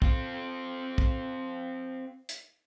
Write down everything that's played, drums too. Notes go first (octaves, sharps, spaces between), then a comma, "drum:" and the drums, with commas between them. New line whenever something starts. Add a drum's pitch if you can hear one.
C4 F4, drum: kick
drum: kick
drum: hi-hat